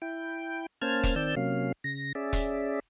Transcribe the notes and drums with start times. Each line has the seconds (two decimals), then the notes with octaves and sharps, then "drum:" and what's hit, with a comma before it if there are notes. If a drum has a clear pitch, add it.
0.02 E4 G5
0.82 A#3 C#4 C5 A5 F6 G#6
1.04 drum: kick E1, hi-hat
1.16 D#3 C4 D5 A5 E6 G6
1.36 C3 F#3 A#3 C#4 F5
1.84 C#3 A#6
2.15 C#4 G#4 D5 E5
2.33 drum: kick E1, hi-hat